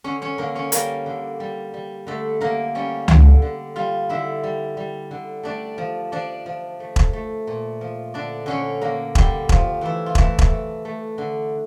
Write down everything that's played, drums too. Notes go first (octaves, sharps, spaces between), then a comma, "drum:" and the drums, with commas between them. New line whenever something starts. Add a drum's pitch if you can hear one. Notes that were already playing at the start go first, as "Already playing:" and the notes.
D3 C#4 C#5
C#4 C#5
D3 A#3 A#4
C#4 C#5
G3 A#3 A#4, drum: hi-hat
D3
G3
G3
D3 A3 A4
D3 A#3 A#4
G3 C#4 C#5
D3, drum: tom C#2
D3
G3 F4 F5
D3 E4 E5
G3
G3
D3
A3 D4 D5
F3
F3 D4 D5
F3
A3
drum: kick E1
A3
A#2
F3
D3 D4 D5
D3 C#4 C#5
D3 A#3 A#4
D3 G3 G4, drum: kick E1
F3 A3 F4, drum: kick E1
E3 A3 E4
F4
E3 A3 E4, drum: kick E1
drum: kick E1
A3
A3
D3